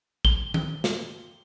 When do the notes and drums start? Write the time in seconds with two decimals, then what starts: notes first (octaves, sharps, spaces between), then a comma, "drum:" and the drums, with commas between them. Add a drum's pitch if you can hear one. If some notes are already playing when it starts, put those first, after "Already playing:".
0.25 G7, drum: kick A1
0.54 drum: tom D#3
0.84 drum: snare